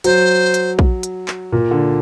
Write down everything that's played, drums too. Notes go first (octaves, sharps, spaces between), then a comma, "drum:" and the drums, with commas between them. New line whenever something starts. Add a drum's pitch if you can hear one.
F#3 C5, drum: hi-hat
drum: hi-hat
drum: kick
drum: hi-hat
drum: clap
A#2
D3